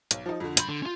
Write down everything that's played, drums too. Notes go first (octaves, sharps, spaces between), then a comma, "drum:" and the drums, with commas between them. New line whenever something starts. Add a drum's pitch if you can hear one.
B1, drum: hi-hat
F3 D#4
F2 D3
G2 B5 C6 G6, drum: hi-hat
D3
C#4 F4